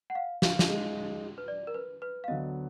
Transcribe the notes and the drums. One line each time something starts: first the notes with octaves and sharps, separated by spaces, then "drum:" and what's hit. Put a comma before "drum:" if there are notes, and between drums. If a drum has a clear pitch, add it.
F#5
F5
F5, drum: snare
drum: snare
G#3 D#4 G#4
B4
D5
A#4
B4
B4
F5
D2 D3 F#3 B3 D#5